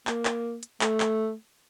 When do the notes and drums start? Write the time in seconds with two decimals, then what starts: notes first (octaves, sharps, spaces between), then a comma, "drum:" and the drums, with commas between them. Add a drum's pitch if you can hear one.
0.07 A#3, drum: clap
0.25 drum: clap
0.63 drum: hi-hat
0.81 A3, drum: clap
1.00 drum: clap